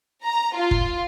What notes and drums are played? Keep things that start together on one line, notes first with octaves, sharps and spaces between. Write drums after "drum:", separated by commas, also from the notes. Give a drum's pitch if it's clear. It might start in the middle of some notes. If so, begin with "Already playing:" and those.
A#5
F4
drum: kick